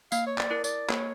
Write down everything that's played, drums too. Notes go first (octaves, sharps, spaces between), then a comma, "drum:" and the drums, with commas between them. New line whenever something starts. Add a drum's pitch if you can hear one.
A#3 F5, drum: tambourine
C#5
D5, drum: clap
E4 A#4
D5, drum: tambourine
A#3 C#5, drum: clap